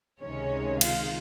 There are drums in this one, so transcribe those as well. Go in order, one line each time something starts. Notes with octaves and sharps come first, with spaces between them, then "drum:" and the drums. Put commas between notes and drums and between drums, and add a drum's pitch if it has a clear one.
C#2 C3 D#3 G#3 C#4 C#5
F4 F5, drum: cymbal